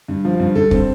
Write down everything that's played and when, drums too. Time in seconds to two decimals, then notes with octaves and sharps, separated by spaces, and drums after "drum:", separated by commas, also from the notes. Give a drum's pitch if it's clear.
0.08 G2
0.25 F3
0.40 G2
0.55 G2 A4
0.71 C4, drum: kick